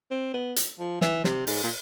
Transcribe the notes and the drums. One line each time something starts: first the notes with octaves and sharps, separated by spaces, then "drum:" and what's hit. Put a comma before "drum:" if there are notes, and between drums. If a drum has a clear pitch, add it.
C4
B3
drum: hi-hat
F3
E3, drum: snare
C3, drum: snare
G#2, drum: open hi-hat
A#2